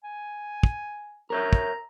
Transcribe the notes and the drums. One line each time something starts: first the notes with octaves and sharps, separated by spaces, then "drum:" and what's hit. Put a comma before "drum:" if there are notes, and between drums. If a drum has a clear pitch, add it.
G#5
drum: kick
A#4 C#5 E5 A#5
drum: kick